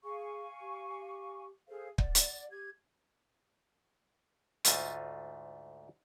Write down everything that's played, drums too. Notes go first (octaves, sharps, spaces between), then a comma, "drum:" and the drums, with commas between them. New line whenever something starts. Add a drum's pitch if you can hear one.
G#4 F5 G#5 C#6
G4
G#4 A4 C5 F5
D5 F#5, drum: kick
drum: hi-hat
G4 G#6
D2 G#2 A3 F4 G#5, drum: hi-hat